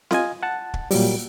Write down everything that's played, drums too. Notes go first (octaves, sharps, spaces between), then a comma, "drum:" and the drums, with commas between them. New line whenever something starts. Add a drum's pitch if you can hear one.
F4 D#5 G#5, drum: snare C4
F#5 A5
drum: kick
A#2 F#3 G3, drum: open hi-hat